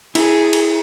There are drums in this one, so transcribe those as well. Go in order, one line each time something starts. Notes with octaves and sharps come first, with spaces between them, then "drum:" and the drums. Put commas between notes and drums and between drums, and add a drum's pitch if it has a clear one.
E4 G#4, drum: cymbal
drum: cymbal